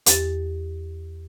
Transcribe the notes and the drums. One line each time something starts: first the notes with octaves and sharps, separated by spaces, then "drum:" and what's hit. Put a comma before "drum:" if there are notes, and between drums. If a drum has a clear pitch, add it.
E2 G4 A6, drum: hi-hat